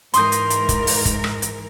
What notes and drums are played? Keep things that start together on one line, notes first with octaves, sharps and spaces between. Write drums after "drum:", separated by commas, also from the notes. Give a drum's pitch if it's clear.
G#2 E3 A#4 C6 D#6 G6, drum: hi-hat
drum: hi-hat
drum: hi-hat
drum: kick, hi-hat
drum: open hi-hat
drum: kick, hi-hat
drum: rim click
drum: hi-hat